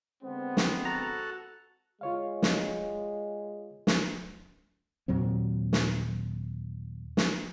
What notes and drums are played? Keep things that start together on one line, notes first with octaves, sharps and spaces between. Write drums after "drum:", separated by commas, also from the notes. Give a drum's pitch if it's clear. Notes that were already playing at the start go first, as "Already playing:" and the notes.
D3 G#3 B3 C4
drum: snare
F#4 A4 A#5
G#3 F4 C#5 F5
drum: snare
drum: snare
D#2 A#2 F#3 C4
drum: snare
drum: snare